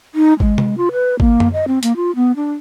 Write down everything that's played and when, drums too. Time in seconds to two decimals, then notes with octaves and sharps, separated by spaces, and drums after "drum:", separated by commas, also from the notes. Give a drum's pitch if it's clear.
0.15 D#4
0.40 G#3, drum: kick G#1
0.58 drum: tom C3
0.78 F4
0.92 B4
1.20 A#3, drum: kick G#1
1.40 drum: tom F#2
1.53 D#5
1.67 C4
1.83 A#3, drum: hi-hat
1.96 F4
2.15 B3
2.36 D4